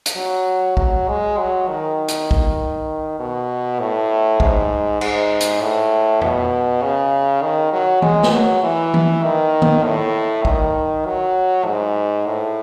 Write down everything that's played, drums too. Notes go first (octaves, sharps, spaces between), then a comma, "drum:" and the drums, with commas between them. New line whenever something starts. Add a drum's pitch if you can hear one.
drum: hi-hat
F#3
F#3, drum: kick
G#3
F#3
D#3
drum: hi-hat
drum: kick
B2
A2
G#2, drum: kick
G#2, drum: cymbal
drum: hi-hat
A2
B2, drum: tom F2
C#3
D#3
F#3
G#3, drum: tom E3
drum: snare
F#3
E3
drum: tom E3
D#3
drum: tom D#3
A2
D#3, drum: kick
F#3
G#2
A2